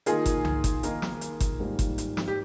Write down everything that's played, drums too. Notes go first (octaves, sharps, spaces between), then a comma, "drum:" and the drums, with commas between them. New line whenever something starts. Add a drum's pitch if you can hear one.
D#3 A#3 D#4 F4 G#4 A#4, drum: hi-hat
drum: kick G1, hi-hat
drum: tom C2
drum: kick G1, hi-hat
D#3 A#3 D#4 A#4, drum: hi-hat
drum: snare
drum: hi-hat
drum: kick G1, hi-hat
G#2 D#3 G3 A#3
drum: kick G1, hi-hat
drum: hi-hat
drum: snare
G4